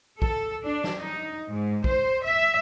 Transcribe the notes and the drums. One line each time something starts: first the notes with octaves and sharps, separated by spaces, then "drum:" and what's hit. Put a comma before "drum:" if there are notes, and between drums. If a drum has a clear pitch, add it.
A4, drum: kick A#1
D4
drum: snare
D#4
G#2
C5, drum: kick A#1
E5